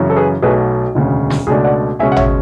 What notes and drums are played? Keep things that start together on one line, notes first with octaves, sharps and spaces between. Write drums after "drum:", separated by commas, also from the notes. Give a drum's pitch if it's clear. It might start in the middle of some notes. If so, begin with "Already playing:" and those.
Already playing: F#2 C#3 E3
A4
G#4 B4
B1 B2 A3 G#4 B4
E1 D2 C#3
drum: snare
C#2 B2 A3 D4 G#4
D5 F#5
C#2 B2 G#3 C#4 E5 G#5
F#5
C#5 E5, drum: tom G#1